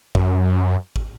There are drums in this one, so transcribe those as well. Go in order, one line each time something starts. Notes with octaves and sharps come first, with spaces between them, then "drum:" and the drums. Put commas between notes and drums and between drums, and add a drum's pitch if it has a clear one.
F#2, drum: kick
drum: kick